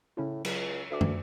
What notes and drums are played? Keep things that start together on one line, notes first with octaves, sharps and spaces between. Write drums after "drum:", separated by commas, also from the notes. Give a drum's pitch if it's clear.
A2 C#3 C#4 E4
C#2 F#3, drum: cymbal
D2 A4 E5 D6
drum: tom